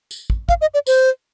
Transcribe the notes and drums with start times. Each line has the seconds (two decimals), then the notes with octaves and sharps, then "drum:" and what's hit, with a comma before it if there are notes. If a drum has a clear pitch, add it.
0.11 drum: tambourine
0.30 drum: kick
0.49 F5, drum: kick
0.61 D#5
0.74 D5
0.87 C5, drum: tambourine